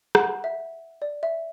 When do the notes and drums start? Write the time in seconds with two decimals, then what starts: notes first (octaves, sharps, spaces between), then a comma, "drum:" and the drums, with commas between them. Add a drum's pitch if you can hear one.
0.15 F#5, drum: rim click
0.44 E5
1.02 D5
1.23 E5